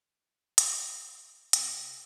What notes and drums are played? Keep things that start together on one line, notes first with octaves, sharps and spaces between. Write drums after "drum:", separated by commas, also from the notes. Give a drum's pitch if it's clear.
drum: hi-hat
C3, drum: hi-hat